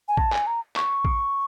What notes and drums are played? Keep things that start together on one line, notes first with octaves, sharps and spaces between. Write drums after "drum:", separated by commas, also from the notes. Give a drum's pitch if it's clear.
G#5
A5, drum: kick A1
G#5, drum: clap
A#5
C#6, drum: clap
drum: kick A1